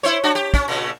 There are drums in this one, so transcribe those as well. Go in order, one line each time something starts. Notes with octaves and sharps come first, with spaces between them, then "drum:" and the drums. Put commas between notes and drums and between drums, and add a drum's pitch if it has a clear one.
E4 C5 C#5
D4 F#4
G4
C#4, drum: kick
A#2 C#3